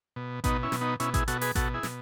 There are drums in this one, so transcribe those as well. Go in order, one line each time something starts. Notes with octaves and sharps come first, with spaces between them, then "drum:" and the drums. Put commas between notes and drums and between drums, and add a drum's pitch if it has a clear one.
B2
B2 B3 D#4, drum: kick A1, hi-hat
C#4 E4
B2, drum: snare
B3 D#4
B2 C#4 E4, drum: hi-hat
E4 G#4, drum: kick A1, hi-hat
B2 F#4 A4, drum: hi-hat
G#4 B4, drum: open hi-hat
B2 F#4 A4, drum: kick A1, hi-hat
E4 G#4
B2, drum: snare